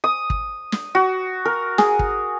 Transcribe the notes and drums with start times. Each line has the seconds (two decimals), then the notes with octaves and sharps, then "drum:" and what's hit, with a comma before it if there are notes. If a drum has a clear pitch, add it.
0.04 D#6
0.30 drum: kick
0.72 drum: snare
0.95 F#4
1.45 A#4
1.78 G#4, drum: snare
1.99 drum: kick